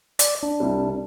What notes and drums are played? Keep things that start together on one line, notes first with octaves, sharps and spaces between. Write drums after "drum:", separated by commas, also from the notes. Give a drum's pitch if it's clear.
D5, drum: hi-hat
D4
C2 C3 G3